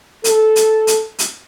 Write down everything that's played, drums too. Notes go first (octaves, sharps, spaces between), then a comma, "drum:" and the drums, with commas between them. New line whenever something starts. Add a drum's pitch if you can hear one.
A4, drum: hi-hat
drum: hi-hat
drum: hi-hat
drum: hi-hat